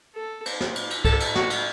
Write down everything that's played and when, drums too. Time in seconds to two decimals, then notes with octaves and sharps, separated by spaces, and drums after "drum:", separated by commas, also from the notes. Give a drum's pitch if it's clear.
0.16 A4
0.46 drum: cymbal
0.60 drum: snare
0.75 drum: cymbal
0.90 drum: cymbal
1.05 A4, drum: kick C2, cymbal
1.20 drum: cymbal
1.35 F#4, drum: snare
1.50 drum: cymbal